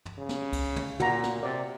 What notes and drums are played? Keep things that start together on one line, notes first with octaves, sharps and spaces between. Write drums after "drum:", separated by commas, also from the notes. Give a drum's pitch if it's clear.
drum: tom
C#3
drum: snare
drum: kick C#2, cymbal
drum: tom
A#2 F#4 A#5, drum: tom
drum: snare
C3 D5